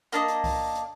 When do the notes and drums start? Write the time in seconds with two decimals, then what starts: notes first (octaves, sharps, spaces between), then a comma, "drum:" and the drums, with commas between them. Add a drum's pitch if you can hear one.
0.12 A#3 D4 D#5, drum: hi-hat
0.28 drum: hi-hat
0.44 drum: kick C2, open hi-hat
0.75 drum: hi-hat